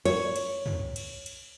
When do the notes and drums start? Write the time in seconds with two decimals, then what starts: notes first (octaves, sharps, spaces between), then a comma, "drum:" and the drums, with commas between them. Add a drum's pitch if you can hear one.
0.05 C#5, drum: cymbal
0.36 drum: cymbal
0.66 drum: tom
0.96 drum: cymbal
1.26 drum: cymbal